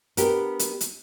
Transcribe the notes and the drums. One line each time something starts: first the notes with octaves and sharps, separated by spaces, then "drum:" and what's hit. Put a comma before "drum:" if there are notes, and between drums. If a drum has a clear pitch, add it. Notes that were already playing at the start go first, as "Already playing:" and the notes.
B3 D4 G4 A#4, drum: hi-hat
drum: hi-hat
drum: hi-hat